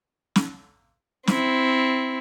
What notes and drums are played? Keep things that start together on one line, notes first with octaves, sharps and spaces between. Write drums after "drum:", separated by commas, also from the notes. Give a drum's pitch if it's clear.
drum: snare
C4 E4, drum: snare